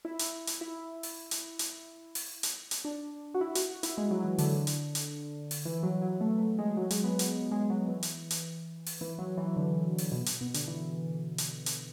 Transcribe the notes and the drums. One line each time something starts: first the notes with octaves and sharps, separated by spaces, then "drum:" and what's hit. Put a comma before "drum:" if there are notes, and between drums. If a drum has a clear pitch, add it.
E4
drum: hi-hat
drum: hi-hat
E4
drum: open hi-hat
drum: hi-hat
drum: hi-hat
drum: open hi-hat
drum: hi-hat
drum: hi-hat
D4
F#4
E4
F#4, drum: hi-hat
F#4
E4, drum: hi-hat
G#3
F#3
E3
D3, drum: open hi-hat
drum: hi-hat
drum: hi-hat
drum: open hi-hat
E3
F#3
F#3
A3
A3
G#3
F#3
G#3, drum: hi-hat
B3
B3, drum: hi-hat
G#3
F#3
E3
drum: hi-hat
drum: hi-hat
drum: open hi-hat
E3
F#3
E3
D3
drum: open hi-hat
B2
drum: hi-hat
B2
D3, drum: hi-hat
E3
drum: hi-hat
drum: hi-hat